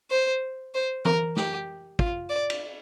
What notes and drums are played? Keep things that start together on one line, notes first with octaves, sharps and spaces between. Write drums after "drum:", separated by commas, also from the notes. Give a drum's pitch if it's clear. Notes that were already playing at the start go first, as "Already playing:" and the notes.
C5
C5
A#4, drum: tom E3
G4, drum: snare
F4, drum: kick
D5
drum: cymbal